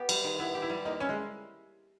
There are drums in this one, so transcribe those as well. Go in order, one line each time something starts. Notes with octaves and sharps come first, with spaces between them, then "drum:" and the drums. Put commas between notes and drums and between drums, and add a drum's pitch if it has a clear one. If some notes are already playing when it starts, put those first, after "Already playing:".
Already playing: B3 G4
G3, drum: cymbal
D#3
B3 E4
G4
E4
G3
A#3 D#4
C#4 E4
G#3